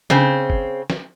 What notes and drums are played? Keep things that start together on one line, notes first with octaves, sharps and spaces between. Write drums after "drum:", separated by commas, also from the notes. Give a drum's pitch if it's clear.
C#3 C4, drum: snare
drum: kick
drum: snare